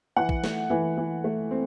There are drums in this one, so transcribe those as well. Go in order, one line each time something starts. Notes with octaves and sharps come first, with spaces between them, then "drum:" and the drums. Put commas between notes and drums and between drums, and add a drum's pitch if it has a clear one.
E3 F#5
drum: kick
A3, drum: snare
E3
E3
A3
C4